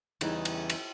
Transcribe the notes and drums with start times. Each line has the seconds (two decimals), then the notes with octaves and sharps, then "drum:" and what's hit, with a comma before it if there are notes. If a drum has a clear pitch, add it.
0.21 E2 C#3 E3 G3 D#4, drum: cymbal
0.45 drum: cymbal
0.70 drum: cymbal